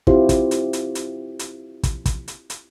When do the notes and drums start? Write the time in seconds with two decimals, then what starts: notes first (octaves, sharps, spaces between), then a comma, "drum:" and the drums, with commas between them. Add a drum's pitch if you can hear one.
0.07 C4 E4 F4 G4 C5, drum: kick
0.29 drum: kick, hi-hat
0.51 drum: hi-hat
0.73 drum: hi-hat
0.95 drum: hi-hat
1.39 drum: hi-hat
1.83 drum: kick, hi-hat
2.06 drum: kick, hi-hat
2.28 drum: hi-hat
2.50 drum: hi-hat